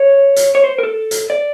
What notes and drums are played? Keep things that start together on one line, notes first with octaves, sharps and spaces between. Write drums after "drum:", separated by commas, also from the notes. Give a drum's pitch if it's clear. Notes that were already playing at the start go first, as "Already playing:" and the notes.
Already playing: C#5
drum: hi-hat
C#5
C5
A#4
A4
drum: hi-hat
D5